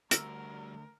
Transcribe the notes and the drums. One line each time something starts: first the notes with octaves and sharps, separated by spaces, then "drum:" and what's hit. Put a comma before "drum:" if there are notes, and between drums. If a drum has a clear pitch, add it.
D2 G3 F#4 A#4 E6 F6, drum: hi-hat